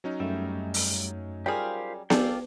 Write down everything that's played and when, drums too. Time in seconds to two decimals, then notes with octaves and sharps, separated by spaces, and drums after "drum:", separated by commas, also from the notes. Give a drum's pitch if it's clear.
0.04 F#3 C#4 D#4
0.20 F#2 G3 A3 E5
0.74 drum: open hi-hat
1.46 G3 F4 G4 G#4 A#4 C5 F5
2.10 D4 F4 G#4 A4 D5 F5 G5 D6, drum: snare B3